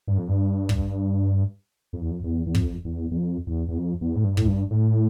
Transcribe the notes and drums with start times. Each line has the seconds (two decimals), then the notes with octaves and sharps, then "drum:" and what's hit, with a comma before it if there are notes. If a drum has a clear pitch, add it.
0.07 G2
0.18 F2
0.28 G2
0.69 drum: kick
1.93 F2
2.01 E2
2.10 F2
2.23 E2
2.46 E2
2.55 F2, drum: kick
2.85 E2
3.11 E2
3.16 F2
3.47 E2
3.68 E2
3.77 F2
4.01 E2
4.16 A2
4.24 G2
4.37 A2, drum: kick
4.47 G2
4.71 A2